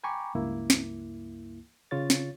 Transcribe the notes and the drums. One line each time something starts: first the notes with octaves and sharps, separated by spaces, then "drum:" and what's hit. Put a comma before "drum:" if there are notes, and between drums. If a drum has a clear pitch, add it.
G5 G#5 A#5 B5 C#6 D6
C#2 G2 A#3 E4
drum: snare
C#3 F4 C#5 A6
drum: snare